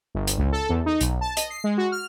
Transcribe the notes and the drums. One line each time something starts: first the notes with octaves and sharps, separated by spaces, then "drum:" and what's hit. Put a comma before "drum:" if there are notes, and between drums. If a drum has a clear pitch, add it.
G1
drum: hi-hat
C#2
A4
E2
D#4
B1, drum: hi-hat
A5
D#5, drum: hi-hat
C7
G#3
F#4
F6